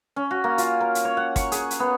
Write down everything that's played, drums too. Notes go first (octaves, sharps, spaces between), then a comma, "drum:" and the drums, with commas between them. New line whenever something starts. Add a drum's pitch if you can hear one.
C#4
F#4
A#3
F4, drum: hi-hat
A#4
drum: hi-hat
C#5
F#5
C#6, drum: kick, hi-hat
G#4, drum: hi-hat
drum: hi-hat
B3